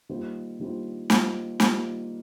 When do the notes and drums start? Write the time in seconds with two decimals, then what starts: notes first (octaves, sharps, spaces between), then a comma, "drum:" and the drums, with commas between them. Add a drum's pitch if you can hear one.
0.09 D#3 G3 A#3 F4 C5
0.60 D#3 G3 A#3 F4 C5
1.10 D#3 G3 A#3 F4 C5, drum: snare
1.60 D#3 G3 A#3 F4 C5, drum: snare